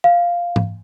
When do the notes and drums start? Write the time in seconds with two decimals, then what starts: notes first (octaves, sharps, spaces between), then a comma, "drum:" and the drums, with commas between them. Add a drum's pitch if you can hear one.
0.04 F5
0.56 drum: tom G#2